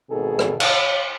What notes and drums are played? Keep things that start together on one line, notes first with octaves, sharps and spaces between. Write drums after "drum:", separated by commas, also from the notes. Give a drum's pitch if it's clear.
G#1 B2 D#3 G#4 A4
drum: rim click
C#5 F5, drum: cymbal